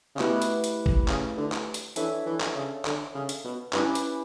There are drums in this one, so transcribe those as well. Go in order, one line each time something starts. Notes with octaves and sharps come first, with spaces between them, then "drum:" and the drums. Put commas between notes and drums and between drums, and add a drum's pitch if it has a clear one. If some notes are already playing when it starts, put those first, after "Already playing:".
C#3
B2 A3 E4 G4 B4 E5, drum: clap
drum: hi-hat
drum: hi-hat
drum: kick
C#3, drum: clap
D3
drum: clap
drum: hi-hat
E3 D4 A4 C#5 E5 A5, drum: hi-hat
E3
drum: clap
C#3
D3, drum: clap
C#3
drum: hi-hat
B2
G2 C#4 E4 G4 B4, drum: clap
drum: hi-hat